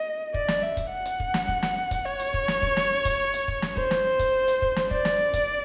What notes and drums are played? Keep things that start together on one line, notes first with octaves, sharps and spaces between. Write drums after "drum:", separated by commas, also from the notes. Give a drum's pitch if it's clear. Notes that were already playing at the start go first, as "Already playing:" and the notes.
Already playing: D#5
D5, drum: kick
drum: snare
E5
drum: kick, hi-hat
F#5
drum: hi-hat
drum: kick
drum: snare
drum: kick
drum: snare
drum: kick, hi-hat
C#5
drum: hi-hat
drum: kick
drum: snare
drum: kick
drum: snare
drum: kick, hi-hat
drum: hi-hat
drum: kick
drum: snare
C5, drum: kick
drum: snare
drum: kick, hi-hat
drum: hi-hat
drum: kick
drum: snare
D5, drum: kick
drum: snare
drum: kick, hi-hat